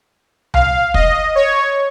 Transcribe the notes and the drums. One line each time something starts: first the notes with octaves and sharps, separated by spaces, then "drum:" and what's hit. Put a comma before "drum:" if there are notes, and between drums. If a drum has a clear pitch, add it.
F5, drum: tom C2
D#5, drum: kick
C#5